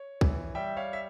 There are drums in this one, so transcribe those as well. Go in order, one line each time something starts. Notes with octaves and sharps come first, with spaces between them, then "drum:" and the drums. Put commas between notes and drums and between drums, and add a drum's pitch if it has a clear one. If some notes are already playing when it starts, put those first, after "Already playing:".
Already playing: C#5
E3, drum: kick
G3 E5 G5
C#5 F5
E5